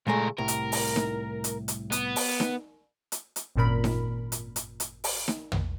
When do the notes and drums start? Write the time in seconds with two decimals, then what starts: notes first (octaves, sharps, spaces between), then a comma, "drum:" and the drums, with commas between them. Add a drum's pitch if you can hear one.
0.07 C#2 A#2 G#3 A3 A#4
0.38 C2 A2 A#4
0.48 drum: hi-hat
0.72 drum: open hi-hat
0.96 drum: snare D#4
1.44 drum: hi-hat
1.68 drum: hi-hat
1.92 B3, drum: hi-hat
2.16 drum: open hi-hat
2.40 drum: snare D#4
3.12 drum: hi-hat
3.36 drum: hi-hat
3.56 G#1 F#2 A#2 A#4 B5
3.84 drum: snare D#4
4.32 drum: hi-hat
4.56 drum: hi-hat
4.80 drum: hi-hat
5.04 drum: open hi-hat
5.28 drum: snare D#4
5.52 drum: tom